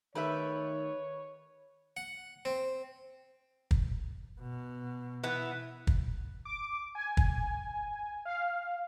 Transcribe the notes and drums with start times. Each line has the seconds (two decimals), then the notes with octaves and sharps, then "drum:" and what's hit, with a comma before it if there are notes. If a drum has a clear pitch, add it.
0.15 D#3 A3 G4 B4 C#5 E5
1.97 F#5
2.45 C4
3.71 drum: kick
4.41 B2
5.24 E3 B3
5.87 drum: kick
6.45 D6
6.95 G#5
7.17 drum: kick
8.25 F5